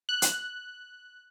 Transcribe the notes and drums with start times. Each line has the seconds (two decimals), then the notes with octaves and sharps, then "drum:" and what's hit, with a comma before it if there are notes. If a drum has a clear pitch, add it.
0.09 F#6
0.22 drum: hi-hat